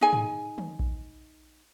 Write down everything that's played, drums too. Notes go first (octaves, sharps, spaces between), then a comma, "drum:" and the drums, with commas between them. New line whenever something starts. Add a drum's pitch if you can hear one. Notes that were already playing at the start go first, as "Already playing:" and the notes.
D#4 G#4 G#5
drum: tom
drum: tom
drum: kick A#1